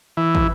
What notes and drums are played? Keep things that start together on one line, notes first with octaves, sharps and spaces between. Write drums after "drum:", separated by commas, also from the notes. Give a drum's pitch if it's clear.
E3
drum: kick